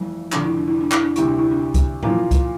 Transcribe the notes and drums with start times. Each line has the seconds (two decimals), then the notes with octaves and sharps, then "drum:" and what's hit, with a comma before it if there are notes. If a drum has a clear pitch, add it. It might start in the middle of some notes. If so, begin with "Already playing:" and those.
Already playing: G1 F2 E3 G3 A3
0.32 F1 F2 D3 D4, drum: clap
0.45 E4
0.57 D4
0.68 E4
0.80 D4
0.92 E4, drum: clap
1.03 D4
1.16 D2 C3 G3 C4 E4, drum: hi-hat
1.27 D4
1.38 E4
1.51 D4
1.74 drum: kick, hi-hat
2.03 A#2 F3 A#3 E4 F4, drum: tom G#2
2.31 drum: kick, hi-hat